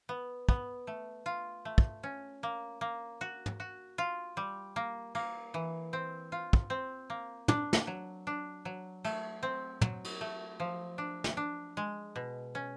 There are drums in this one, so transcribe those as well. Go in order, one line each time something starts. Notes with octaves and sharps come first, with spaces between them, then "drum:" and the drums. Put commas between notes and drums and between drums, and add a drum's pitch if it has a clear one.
B3
B3, drum: kick
A3
F4
A3
drum: kick
C#4
A#3
A#3
F#4
drum: tom
F#4
F4
G3
A#3
A#3, drum: cymbal
E3
C4
F4
drum: kick
C4
A#3
D4, drum: tom
drum: snare
F#3
D4
F#3
A3, drum: cymbal
C4
F#3, drum: tom
drum: cymbal
A3
F3
D4
drum: snare
D4
G#3
B2
C#4